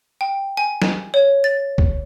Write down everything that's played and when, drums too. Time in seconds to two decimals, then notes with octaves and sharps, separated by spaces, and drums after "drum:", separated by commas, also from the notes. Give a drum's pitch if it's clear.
0.21 G5
0.57 G#5
0.82 drum: snare
1.14 C#5
1.44 A6
1.78 drum: kick